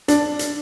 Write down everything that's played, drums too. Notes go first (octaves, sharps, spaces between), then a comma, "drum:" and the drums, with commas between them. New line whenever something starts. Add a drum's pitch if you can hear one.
D4, drum: hi-hat
drum: hi-hat